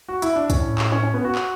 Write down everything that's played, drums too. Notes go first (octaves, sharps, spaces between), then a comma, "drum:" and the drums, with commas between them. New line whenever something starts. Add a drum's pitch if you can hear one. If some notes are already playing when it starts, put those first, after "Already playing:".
F#4
E4, drum: hi-hat
D4
A2 C#4, drum: kick, hi-hat
drum: clap
C#4
C#4
B3
F#4
drum: clap